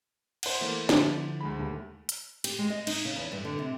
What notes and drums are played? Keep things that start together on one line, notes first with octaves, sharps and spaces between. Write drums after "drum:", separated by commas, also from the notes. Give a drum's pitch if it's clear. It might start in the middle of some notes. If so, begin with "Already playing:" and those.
C5 F#5, drum: cymbal
E3 A3 A#3
D3 F3 E4 A6, drum: snare
D2 G#3 B5
D#2 A3
drum: hi-hat
G4, drum: cymbal
G#3
D#5
D#4, drum: cymbal
C#3
E2
G2
D3
C3